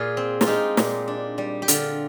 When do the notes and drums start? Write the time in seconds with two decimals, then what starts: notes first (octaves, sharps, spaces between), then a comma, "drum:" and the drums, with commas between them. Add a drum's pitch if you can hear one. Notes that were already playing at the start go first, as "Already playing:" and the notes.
Already playing: A#2 F4 G#4
0.17 C4
0.41 F4, drum: snare
0.47 G#3 D#4 G4
0.77 A#2, drum: snare
1.08 D4
1.38 G3
1.62 G4
1.68 D3 F4, drum: hi-hat